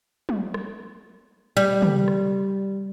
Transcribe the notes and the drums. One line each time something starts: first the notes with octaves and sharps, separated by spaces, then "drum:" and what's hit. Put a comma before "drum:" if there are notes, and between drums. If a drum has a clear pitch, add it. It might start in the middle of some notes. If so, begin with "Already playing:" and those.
drum: tom
drum: rim click
G3
drum: tom
drum: rim click